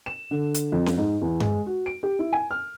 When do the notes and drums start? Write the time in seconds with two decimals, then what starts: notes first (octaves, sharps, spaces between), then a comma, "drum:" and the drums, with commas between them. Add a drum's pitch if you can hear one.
0.06 E7
0.31 D3
0.54 drum: hi-hat
0.72 F2
0.86 drum: snare C#4
0.97 G#2
1.21 E2
1.40 G#3, drum: tom G2
1.66 F#4
1.86 D7
2.03 G4
2.19 E4
2.33 G#5
2.51 F6